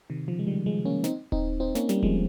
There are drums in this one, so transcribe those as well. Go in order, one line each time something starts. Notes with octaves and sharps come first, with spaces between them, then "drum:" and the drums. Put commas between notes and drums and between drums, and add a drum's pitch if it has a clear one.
C3 D#3
C#3 F3
G#3
D#3 G3
F3 G#3
A#3 C#4
C4 D#4, drum: snare
C4 D#4, drum: kick D#1
C4 D#4
A#3 C#4, drum: snare
G3 A#3, drum: snare
F3 G#3, drum: kick D#1